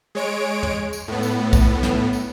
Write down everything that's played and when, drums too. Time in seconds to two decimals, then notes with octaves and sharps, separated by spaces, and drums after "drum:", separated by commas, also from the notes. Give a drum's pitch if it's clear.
0.15 G#3 C#5 D7
0.63 drum: tom
0.93 drum: tambourine
1.08 A2 B3
1.23 drum: tambourine
1.53 drum: kick, tambourine
1.83 drum: snare
2.13 drum: tambourine